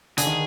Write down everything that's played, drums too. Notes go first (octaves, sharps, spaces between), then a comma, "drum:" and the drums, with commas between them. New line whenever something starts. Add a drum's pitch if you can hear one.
D3 G#4, drum: hi-hat
D#3